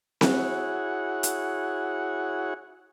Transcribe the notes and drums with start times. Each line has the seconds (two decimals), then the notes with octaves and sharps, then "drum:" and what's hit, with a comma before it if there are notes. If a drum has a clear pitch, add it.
0.21 E4 F#4 G#4 C#5 F#5, drum: snare C4
1.23 drum: hi-hat